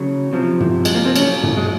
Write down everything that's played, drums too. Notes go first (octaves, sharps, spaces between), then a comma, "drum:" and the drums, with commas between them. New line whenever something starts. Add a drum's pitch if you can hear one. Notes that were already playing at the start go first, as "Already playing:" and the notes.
Already playing: C#3 F#3
C3 F3
drum: tom
G#3, drum: cymbal
A#3
C4
A#2 F#3 C#4, drum: cymbal
drum: tom
G#3